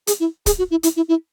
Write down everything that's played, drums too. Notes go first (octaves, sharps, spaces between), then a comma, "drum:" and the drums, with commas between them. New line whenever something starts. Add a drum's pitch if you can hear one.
G#4, drum: hi-hat
E4
G#4, drum: kick, hi-hat
F#4
E4
E4, drum: hi-hat
E4
E4